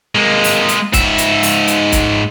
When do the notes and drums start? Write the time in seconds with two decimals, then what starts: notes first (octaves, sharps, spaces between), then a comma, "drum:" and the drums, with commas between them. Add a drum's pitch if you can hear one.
0.15 G#3 A#3
0.44 drum: open hi-hat
0.69 drum: hi-hat
0.93 G#2 E5, drum: kick, hi-hat
1.18 drum: hi-hat
1.43 drum: open hi-hat
1.68 drum: hi-hat
1.92 drum: kick, hi-hat